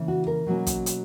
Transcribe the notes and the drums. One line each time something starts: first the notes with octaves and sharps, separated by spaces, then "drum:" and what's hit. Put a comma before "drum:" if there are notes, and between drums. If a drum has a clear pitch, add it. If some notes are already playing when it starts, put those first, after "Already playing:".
Already playing: C#3 E3 A#3
F#4
A#4
B2 F#3 A#3 C#4
drum: kick, hi-hat
drum: hi-hat